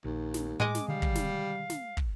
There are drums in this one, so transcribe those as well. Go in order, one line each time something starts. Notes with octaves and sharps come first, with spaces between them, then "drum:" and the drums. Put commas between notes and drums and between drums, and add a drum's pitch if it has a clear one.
A#1 D#2
drum: snare
A2 G#3 G#4 D#5 D6
drum: snare
B2 D3 D#3 G3 F5
drum: kick
drum: snare
drum: snare
drum: kick